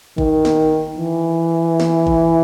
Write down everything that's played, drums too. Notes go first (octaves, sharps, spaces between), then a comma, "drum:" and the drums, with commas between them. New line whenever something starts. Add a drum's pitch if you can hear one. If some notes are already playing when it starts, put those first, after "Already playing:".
D#3, drum: kick G#1
drum: snare
E3
drum: snare
drum: kick G#1